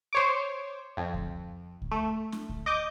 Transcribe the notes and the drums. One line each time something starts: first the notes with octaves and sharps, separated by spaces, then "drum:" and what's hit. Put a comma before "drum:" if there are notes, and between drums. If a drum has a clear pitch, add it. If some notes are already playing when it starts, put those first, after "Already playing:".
C5 C#5 D6
F2
drum: kick C#2
drum: kick C#2
A3
drum: snare
drum: kick C#2
D#5 D6 G6